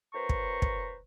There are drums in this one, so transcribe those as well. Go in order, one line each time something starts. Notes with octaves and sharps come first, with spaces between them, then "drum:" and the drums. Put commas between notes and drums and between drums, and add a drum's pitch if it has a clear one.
F#2 B4 C5 A#5 C#6
drum: kick
drum: kick